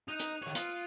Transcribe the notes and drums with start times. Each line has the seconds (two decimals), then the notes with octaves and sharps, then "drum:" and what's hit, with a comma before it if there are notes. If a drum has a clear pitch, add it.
0.08 D#4 F#6 D#7 F7
0.20 drum: hi-hat
0.42 D#3 C#5 F#7
0.55 F4 D#6 F#6 C#7, drum: hi-hat